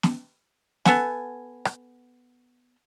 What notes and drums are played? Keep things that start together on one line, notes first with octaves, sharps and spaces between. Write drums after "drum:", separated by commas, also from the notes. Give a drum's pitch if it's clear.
drum: snare
B3 A4 F#5 G#5, drum: snare
drum: rim click